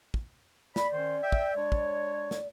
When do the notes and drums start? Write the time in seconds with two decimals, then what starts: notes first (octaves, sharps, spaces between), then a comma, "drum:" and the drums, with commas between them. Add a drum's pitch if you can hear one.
0.14 drum: kick
0.76 D5 B5, drum: snare
0.93 D#3 C#4 C5
1.22 E5 G5
1.32 drum: kick
1.55 G#3 D4 C#5
1.72 drum: kick
2.31 drum: snare